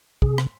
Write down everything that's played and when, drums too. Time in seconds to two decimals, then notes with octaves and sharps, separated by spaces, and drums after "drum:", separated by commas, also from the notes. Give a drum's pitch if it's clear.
0.22 C3 G#4, drum: kick
0.38 drum: rim click